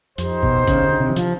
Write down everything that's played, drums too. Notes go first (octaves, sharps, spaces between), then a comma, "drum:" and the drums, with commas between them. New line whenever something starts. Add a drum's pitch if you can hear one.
F2 D#4 G4 C5, drum: hi-hat
B2, drum: kick G#1
C#3, drum: kick G#1, hi-hat
D#3
D3
C3
E3
F3, drum: hi-hat